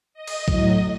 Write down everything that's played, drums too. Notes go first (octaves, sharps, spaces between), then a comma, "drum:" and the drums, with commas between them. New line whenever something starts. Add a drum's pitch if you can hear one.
D#5
drum: cymbal
A2 F#3 D#5, drum: kick